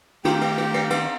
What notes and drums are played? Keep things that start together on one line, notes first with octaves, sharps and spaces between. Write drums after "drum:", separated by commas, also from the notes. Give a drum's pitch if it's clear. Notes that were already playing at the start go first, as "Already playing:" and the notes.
D#3 A3 G4 F5 G5, drum: cymbal
drum: cymbal
drum: cymbal
drum: cymbal
drum: cymbal